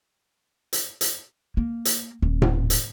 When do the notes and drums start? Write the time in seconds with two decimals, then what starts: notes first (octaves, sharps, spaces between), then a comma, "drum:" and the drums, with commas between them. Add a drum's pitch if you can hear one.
0.73 drum: hi-hat
1.01 drum: hi-hat
1.57 A#3
1.85 drum: hi-hat
2.22 D#1
2.42 drum: tom A2
2.70 drum: hi-hat